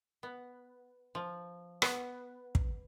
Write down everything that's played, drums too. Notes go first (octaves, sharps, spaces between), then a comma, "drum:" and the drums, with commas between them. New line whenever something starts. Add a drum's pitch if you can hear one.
B3
F3
B3, drum: rim click
drum: kick